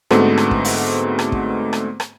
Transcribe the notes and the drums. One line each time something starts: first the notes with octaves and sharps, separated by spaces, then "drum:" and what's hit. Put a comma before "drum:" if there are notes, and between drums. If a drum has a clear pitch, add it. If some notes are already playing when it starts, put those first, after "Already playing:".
G#2 D3 A3 B3 C4 F#4, drum: rim click
drum: rim click
drum: kick
drum: open hi-hat
drum: rim click
drum: kick
drum: rim click
drum: rim click